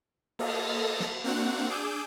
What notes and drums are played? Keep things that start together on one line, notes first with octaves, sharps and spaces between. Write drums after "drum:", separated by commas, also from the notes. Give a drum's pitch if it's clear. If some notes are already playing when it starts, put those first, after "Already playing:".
A#3 A4 D#5, drum: cymbal
drum: snare
A#3 C4 D4 F#4 F#5
D4 G#4 D6 E6 G6 D#7